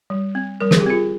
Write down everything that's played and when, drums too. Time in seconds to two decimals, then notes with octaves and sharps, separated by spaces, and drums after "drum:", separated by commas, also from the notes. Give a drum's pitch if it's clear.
0.10 G3
0.35 C4
0.60 G3 A#4
0.71 G#4, drum: snare
0.80 G4
0.86 C4 F4 G#4